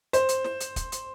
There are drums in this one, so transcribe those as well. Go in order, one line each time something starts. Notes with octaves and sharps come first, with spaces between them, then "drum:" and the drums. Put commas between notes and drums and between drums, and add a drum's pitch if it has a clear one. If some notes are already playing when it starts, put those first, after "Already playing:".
C5, drum: hi-hat
drum: hi-hat
drum: snare
drum: hi-hat
drum: kick, hi-hat
drum: hi-hat